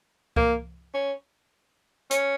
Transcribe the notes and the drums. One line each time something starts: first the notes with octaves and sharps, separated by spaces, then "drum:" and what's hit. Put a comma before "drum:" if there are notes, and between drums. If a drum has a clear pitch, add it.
A#3, drum: kick C2
C#4
C#4, drum: hi-hat